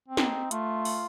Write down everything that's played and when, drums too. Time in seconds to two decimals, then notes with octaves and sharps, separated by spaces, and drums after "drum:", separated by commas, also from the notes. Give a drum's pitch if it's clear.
0.08 C4
0.17 D#4, drum: snare
0.51 A3 F4, drum: hi-hat
0.85 drum: open hi-hat